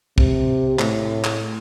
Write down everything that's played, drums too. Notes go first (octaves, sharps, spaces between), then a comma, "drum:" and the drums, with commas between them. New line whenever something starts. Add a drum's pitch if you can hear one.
C3, drum: kick
A2, drum: clap
drum: clap